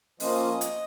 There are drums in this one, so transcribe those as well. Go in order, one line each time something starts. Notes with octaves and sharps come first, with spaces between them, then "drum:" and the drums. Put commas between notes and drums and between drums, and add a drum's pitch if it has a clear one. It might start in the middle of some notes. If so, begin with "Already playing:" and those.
F3 A#3 C#4 F4 D#5, drum: open hi-hat
drum: hi-hat